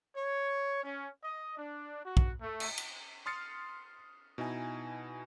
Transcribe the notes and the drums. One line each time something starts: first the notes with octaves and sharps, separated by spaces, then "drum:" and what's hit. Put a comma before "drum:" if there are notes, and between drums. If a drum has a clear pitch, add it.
C#5
C#4
D#5
D4
F#4
drum: kick
A3
drum: cymbal
drum: cymbal
C6 D#6 F6 A6 C7 C#7
B2 D#4 E4 G#5